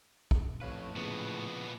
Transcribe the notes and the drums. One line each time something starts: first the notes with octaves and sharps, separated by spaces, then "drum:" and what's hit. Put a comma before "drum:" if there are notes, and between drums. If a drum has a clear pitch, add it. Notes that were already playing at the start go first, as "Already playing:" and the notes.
drum: kick
F2 A2 B4 C#5 F5
A#2 C#3 F3 B3